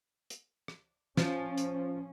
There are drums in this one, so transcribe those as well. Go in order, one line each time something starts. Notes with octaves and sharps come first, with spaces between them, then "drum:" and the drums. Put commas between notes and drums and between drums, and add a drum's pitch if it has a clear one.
drum: hi-hat
drum: rim click
F3 C#4, drum: snare
drum: hi-hat